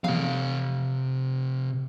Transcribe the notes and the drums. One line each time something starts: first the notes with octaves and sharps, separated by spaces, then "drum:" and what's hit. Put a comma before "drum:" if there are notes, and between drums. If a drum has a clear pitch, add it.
C3 F5, drum: tom E3